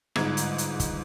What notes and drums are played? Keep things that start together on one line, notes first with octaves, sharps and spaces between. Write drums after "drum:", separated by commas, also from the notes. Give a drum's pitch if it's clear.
G1 G#2 G#6, drum: rim click
drum: hi-hat
drum: hi-hat
drum: kick, hi-hat